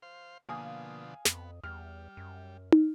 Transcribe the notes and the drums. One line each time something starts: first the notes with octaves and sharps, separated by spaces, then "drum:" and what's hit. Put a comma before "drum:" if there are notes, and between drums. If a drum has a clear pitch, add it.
C5 F5
B2 D3 F3 A#3 F5 G#5 D#6
F2 B3, drum: snare
E2 G3 F6
F#2
drum: tom